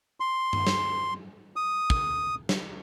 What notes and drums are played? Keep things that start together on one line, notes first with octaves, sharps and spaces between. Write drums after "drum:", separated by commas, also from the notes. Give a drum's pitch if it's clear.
C6
drum: tom G2
drum: snare
D#6
drum: kick
drum: snare